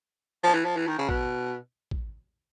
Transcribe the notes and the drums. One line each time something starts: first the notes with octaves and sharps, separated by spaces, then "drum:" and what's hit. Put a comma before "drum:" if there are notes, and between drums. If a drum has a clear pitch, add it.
F3
E3
F3
E3
D#3
C#3
B2, drum: kick
drum: kick